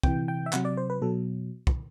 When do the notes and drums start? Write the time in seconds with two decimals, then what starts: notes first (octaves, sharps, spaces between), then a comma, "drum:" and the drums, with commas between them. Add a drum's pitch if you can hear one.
0.03 C3 E3 G5, drum: kick
0.28 G5
0.46 E5
0.53 C3 F#3 F#5, drum: clap
0.65 D5
0.77 C5
0.90 B4
1.02 B2 F#3 A4
1.67 drum: kick